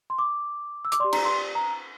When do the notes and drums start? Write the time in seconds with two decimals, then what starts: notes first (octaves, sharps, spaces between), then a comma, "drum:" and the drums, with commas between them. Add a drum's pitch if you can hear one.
0.10 C6
0.19 D6
0.85 E6
0.92 D6, drum: hi-hat
1.00 G4 D5 C6
1.13 A#5, drum: cymbal
1.25 C6
1.55 A#5